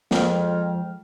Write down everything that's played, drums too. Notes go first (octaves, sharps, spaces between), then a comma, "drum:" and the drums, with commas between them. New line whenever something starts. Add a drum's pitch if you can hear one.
F2 F3 G#3 G5 F6, drum: snare